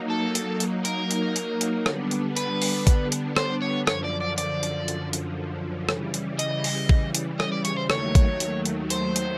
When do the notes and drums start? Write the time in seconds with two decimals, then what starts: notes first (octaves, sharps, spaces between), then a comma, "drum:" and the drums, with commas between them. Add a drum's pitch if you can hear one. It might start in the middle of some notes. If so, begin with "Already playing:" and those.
Already playing: F#3 A#3 D#4
0.10 A4
0.35 drum: hi-hat
0.60 drum: hi-hat
0.85 A#4, drum: hi-hat
1.11 drum: hi-hat
1.36 drum: hi-hat
1.61 drum: hi-hat
1.86 D3 G3 B3 D4, drum: rim click
2.11 drum: hi-hat
2.36 B4, drum: hi-hat
2.62 drum: open hi-hat
2.87 drum: kick A1, hi-hat
3.12 drum: hi-hat
3.36 C5, drum: rim click
3.62 C#5
3.87 F#2 D3 F3 C#5, drum: rim click
4.04 D5
4.21 D5
4.38 D5, drum: hi-hat
4.63 drum: hi-hat
4.88 drum: hi-hat
5.13 drum: hi-hat
5.89 C#3 E3 G3, drum: rim click
6.14 drum: hi-hat
6.39 D#5, drum: hi-hat
6.64 drum: open hi-hat
6.89 drum: kick A1
7.15 drum: hi-hat
7.40 D#5, drum: rim click
7.52 D5
7.65 C#5, drum: hi-hat
7.77 C5
7.90 D#2 D#3 F#3 A3 C#5, drum: rim click
8.15 drum: kick A1, hi-hat
8.40 drum: hi-hat
8.65 drum: hi-hat
8.90 C5, drum: hi-hat
9.16 drum: hi-hat